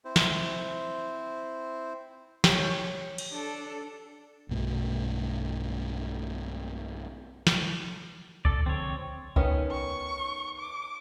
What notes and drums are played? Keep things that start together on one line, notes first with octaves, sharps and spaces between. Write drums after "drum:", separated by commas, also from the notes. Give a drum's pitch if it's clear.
C4 E4 C5
drum: snare
G4 C#5, drum: snare
drum: cymbal
D4 A4
B1 G2 B2 A3
drum: snare
D#1 A4 D5, drum: kick C#2
C#2 D3 F3 C4 C#5
D#3 B3 C#4, drum: kick C#2
C#6
D6